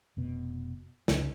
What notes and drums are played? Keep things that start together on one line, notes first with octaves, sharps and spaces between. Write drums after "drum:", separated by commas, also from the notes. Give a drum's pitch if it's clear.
F1 B2
C#2 C4 D4, drum: snare